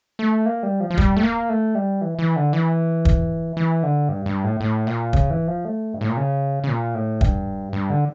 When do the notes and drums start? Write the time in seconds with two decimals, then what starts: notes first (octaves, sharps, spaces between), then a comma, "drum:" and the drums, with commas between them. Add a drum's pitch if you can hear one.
0.19 A3
0.46 A#3
0.63 G3
0.80 F3
0.90 F3
0.98 G3, drum: kick
1.17 A3
1.23 A#3
1.49 A3
1.75 G3
2.01 E3
2.19 E3
2.36 D3
2.53 E3
3.05 drum: kick
3.57 E3
3.83 D3
4.09 G2
4.26 G2
4.44 A2
4.61 A2
4.87 A#2
5.13 C#3, drum: kick
5.30 E3
5.47 F3
5.65 A3
5.94 G2
6.01 A2
6.09 A#2
6.17 C#3
6.64 C#3
6.69 A#2
6.95 A2
7.21 G2, drum: kick
7.73 G2
7.90 D3